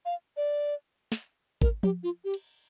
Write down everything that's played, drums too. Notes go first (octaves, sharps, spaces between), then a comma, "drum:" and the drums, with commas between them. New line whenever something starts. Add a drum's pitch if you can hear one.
F5
D5
drum: snare
A#4, drum: kick G#1
G4, drum: tom F3
F4
G4
drum: cymbal